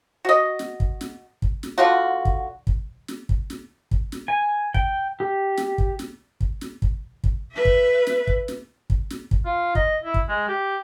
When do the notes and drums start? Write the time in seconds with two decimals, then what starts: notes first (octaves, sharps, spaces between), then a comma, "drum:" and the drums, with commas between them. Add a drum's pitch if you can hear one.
0.25 F#4 D#5
0.59 drum: snare
0.80 drum: kick
1.01 drum: snare
1.42 drum: kick
1.63 drum: snare
1.78 D3 F4 F#4
2.25 drum: kick
2.67 drum: kick
3.08 drum: snare
3.29 drum: kick
3.50 drum: snare
3.91 drum: kick
4.12 drum: snare
4.28 G#5
4.74 G5, drum: kick
5.20 G4
5.57 drum: snare
5.78 drum: kick
5.99 drum: snare
6.41 drum: kick
6.61 drum: snare
6.82 drum: kick
7.24 drum: kick
7.51 B4 E5
7.65 drum: kick
8.07 drum: snare
8.27 drum: kick
8.48 drum: snare
8.90 drum: kick
9.10 drum: snare
9.31 drum: kick
9.45 F4
9.75 D#5, drum: kick
10.04 E4
10.14 drum: kick
10.29 G#3
10.48 G4